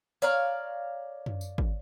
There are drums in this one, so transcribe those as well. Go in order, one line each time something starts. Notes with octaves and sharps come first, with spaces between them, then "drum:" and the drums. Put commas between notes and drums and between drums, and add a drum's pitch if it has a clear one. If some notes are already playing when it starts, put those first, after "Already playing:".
C#5 D5 F5 A#5
drum: tom F#2
drum: tambourine
drum: kick G#1